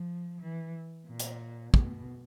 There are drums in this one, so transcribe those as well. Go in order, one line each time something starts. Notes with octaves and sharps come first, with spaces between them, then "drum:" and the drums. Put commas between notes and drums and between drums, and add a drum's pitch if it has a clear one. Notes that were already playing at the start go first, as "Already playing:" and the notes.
Already playing: F3
E3
A#2
drum: hi-hat
B2, drum: kick